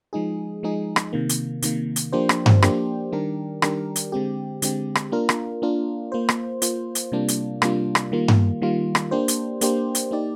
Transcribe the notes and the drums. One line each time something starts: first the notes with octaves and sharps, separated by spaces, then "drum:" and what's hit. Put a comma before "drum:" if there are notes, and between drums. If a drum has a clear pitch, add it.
F3 G#3 D#4 G#4
F3 G#3 D#4 G#4
drum: rim click
C3 D#3 A#3
drum: hi-hat
C3 D#3 A#3, drum: hi-hat
drum: hi-hat
F3 A#3 D4 G4 C5
drum: rim click
drum: tom G2
F3 A#3 D4 G4 C5, drum: rim click
D#3 G3 D4 G4 A#4
D#3 G3 D4 G4 A#4, drum: rim click
drum: hi-hat
D3 G#3 C4 G4
D3 G#3 C4 G4, drum: hi-hat
drum: rim click
A#3 D4 F4 A#4
drum: rim click
A#3 D4 F4 A#4
A#3 F4 C5
drum: rim click
A#3 F4 C5, drum: hi-hat
drum: hi-hat
C3 G3 A#3 D4 F4
drum: hi-hat
C3 G3 A#3 D4 F4, drum: rim click
drum: rim click
D#3 G3 A#3 F4
drum: tom G2
D#3 G3 A#3 F4
drum: rim click
A#3 D4 G4 C5
drum: hi-hat
A#3 D4 G4 C5, drum: hi-hat
drum: hi-hat
A#3 D#4 G4 D5